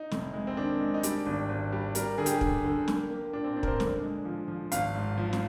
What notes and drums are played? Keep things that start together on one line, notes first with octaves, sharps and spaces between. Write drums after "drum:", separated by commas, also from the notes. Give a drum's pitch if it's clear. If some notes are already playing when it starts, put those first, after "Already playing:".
Already playing: D#4
F1, drum: snare
G#3
C4
D#3 D4
G#3
D#4
G3 D4, drum: hi-hat
G#1
G#1
G3
G3 A#4, drum: hi-hat
D3 G#4
G4, drum: hi-hat
D3, drum: kick
D3
A#3, drum: snare
A#3
A#2 D4
C4
A#2 D4
A#4, drum: kick
C5
D3, drum: snare
G#3
F3
F3
G#1 F5, drum: hi-hat
G#2
F3
drum: snare